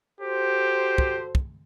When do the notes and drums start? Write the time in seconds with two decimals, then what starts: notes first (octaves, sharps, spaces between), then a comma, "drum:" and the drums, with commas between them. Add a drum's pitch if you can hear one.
0.21 F#4 G4 A4 C5
0.98 drum: kick
1.35 drum: kick